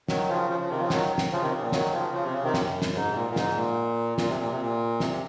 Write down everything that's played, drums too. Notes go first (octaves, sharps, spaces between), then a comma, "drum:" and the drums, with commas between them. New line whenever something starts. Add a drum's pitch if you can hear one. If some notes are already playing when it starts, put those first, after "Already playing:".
D#3 F#3, drum: snare
C#3 F3
C#3 F3
C#3 F3
C3 D#3
C#3 F3
D#3 F#3, drum: snare
drum: snare
C#3 F3
C3 D#3
C#3
A#2
D#3 F#3, drum: snare
C#3 F3
C#3 F3
C3
C#3
C3 D#3
F#2, drum: snare
drum: snare
G#2
C3
A#2
A#2
G#2, drum: snare
A#2
A#2, drum: snare
C3
A#2
C3
A#2
C3, drum: snare